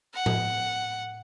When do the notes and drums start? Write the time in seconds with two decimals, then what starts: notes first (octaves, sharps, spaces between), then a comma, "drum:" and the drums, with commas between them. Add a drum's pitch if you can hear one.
0.14 F#5
0.26 drum: tom A2